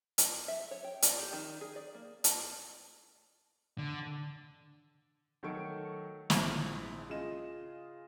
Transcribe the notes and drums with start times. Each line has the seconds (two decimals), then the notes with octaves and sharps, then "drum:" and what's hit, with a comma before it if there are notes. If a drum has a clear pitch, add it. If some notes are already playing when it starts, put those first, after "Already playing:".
0.18 drum: hi-hat
0.48 E5
0.71 C#5
0.84 G5
1.02 D5, drum: hi-hat
1.19 G4
1.33 D#3
1.61 G#4
1.76 D5
1.94 A#3
2.24 A5, drum: hi-hat
3.78 D3
5.43 D#3 F#3 A3 A4 C#6 D7
6.30 A#1 G#2 E4, drum: snare
7.09 C#3 F4 G#4 D#5 E7